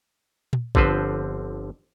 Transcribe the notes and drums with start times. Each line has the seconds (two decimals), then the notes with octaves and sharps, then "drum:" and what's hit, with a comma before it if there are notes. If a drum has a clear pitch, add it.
0.53 drum: tom
0.75 G1 D3 F3 C4 B4 C5, drum: kick A1